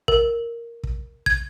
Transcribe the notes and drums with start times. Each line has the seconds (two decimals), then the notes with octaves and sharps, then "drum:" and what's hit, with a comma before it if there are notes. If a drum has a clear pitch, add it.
0.08 A#4, drum: kick
0.83 drum: kick
1.26 G#6, drum: kick